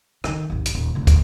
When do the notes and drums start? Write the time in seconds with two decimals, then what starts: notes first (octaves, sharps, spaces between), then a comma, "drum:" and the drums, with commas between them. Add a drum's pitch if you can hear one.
0.24 D3 D#3, drum: rim click
0.50 G#1 D#2
0.66 drum: hi-hat
0.75 D#1
0.95 F1 D2
1.07 drum: kick, hi-hat